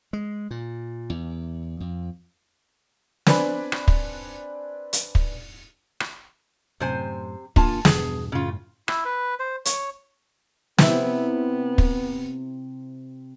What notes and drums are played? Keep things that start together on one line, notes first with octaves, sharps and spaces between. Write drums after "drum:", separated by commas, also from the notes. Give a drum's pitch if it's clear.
G#3
A#2
E2
F2
C4 D4 B4 D5 G#5 B5, drum: snare
drum: rim click
drum: kick
drum: hi-hat
drum: kick
drum: rim click
F#2 A2 C3 C5 G#5
F1 A#3 D4 F4 G#5 A5, drum: kick
E2 G2 B2 G#4, drum: snare
F#2 A2 C#3 F4
E4, drum: rim click
B4
C5
C#5, drum: hi-hat
C3 B3 E4, drum: snare
drum: kick